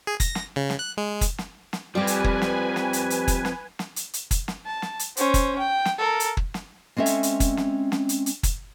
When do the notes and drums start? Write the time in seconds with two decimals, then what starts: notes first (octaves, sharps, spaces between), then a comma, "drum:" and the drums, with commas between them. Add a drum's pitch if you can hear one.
0.07 G#4
0.20 A#6, drum: kick, hi-hat
0.35 drum: snare
0.56 C#3
0.70 drum: snare
0.79 F#6
0.97 G#3
1.21 drum: kick, hi-hat
1.38 drum: snare
1.73 drum: snare
1.95 F3 G3 C4 G4 B4 G#5
2.07 drum: hi-hat
2.24 drum: kick
2.42 drum: snare
2.76 drum: snare
2.93 drum: hi-hat
3.10 drum: hi-hat
3.28 drum: kick, hi-hat
3.45 drum: snare
3.79 drum: snare
3.96 drum: hi-hat
4.13 drum: hi-hat
4.31 drum: kick, hi-hat
4.48 drum: snare
4.66 A5
4.82 drum: snare
4.99 drum: hi-hat
5.17 C#4 C5, drum: hi-hat
5.34 drum: kick, hi-hat
5.59 G5
5.85 drum: snare
5.98 A4 A#4
6.20 drum: hi-hat
6.37 drum: kick
6.54 drum: snare
6.97 G#3 C4 C#4 A4 E5
7.06 drum: hi-hat
7.23 drum: hi-hat
7.40 drum: kick, hi-hat
7.57 drum: snare
7.92 drum: snare
8.09 drum: hi-hat
8.26 drum: hi-hat
8.43 drum: kick, hi-hat